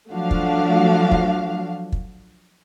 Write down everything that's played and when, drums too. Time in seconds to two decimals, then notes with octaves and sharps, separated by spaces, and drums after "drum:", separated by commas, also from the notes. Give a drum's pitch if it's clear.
0.10 F3 F#3 A3 D4 F#4 F5
0.31 drum: kick
1.12 drum: kick
1.92 drum: kick